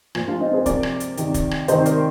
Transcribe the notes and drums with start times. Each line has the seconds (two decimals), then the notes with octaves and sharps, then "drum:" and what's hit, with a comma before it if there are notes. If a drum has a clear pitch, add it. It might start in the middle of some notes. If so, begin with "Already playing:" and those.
0.15 A#2 F3, drum: rim click
0.28 D4 F4
0.40 C4 D#4
0.53 G#4 C5
0.66 C3 F3 A#4 D5, drum: kick, hi-hat
0.83 drum: rim click
1.00 drum: hi-hat
1.17 C3 D#3, drum: hi-hat
1.34 drum: kick, hi-hat
1.51 drum: rim click
1.68 C3 D#3 C5 D#5, drum: hi-hat
1.86 A#4 D5, drum: hi-hat